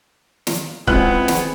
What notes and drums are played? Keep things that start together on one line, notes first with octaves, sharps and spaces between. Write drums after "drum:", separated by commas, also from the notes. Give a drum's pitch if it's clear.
drum: snare
C#2 B3 C4 E4 G#4 F#5 F#6 F#7, drum: kick C#1
drum: snare